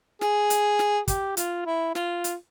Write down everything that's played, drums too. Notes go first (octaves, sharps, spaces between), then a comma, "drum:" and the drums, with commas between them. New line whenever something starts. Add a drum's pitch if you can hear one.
G#4, drum: snare
drum: hi-hat
drum: snare
G4, drum: kick, hi-hat
F4, drum: hi-hat
E4
F4, drum: snare
drum: hi-hat